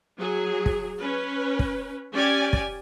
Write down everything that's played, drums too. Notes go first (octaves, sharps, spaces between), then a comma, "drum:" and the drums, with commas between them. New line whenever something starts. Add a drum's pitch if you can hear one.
F#3 G#4
drum: kick
C#4 B4
drum: kick
C#4 G4 D5 G#5
drum: kick